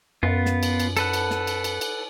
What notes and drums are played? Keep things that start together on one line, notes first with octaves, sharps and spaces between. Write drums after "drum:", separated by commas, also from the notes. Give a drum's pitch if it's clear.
F#2 B3 F4
drum: snare
drum: cymbal
drum: cymbal
A4 B4 F#5, drum: cymbal
drum: cymbal
drum: snare
drum: cymbal
drum: cymbal
drum: cymbal